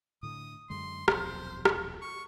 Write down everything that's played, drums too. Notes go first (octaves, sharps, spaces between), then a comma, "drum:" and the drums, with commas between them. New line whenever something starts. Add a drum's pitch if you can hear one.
A2 D3 D#6
F#2 D3 G#3 C6
D#1 B1 F2 C5, drum: rim click
drum: rim click
C#6